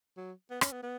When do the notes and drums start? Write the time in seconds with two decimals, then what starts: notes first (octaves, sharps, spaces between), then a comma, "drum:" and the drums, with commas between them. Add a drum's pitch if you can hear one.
0.17 F#3
0.50 B3
0.61 C#4, drum: rim click
0.72 B3
0.83 B3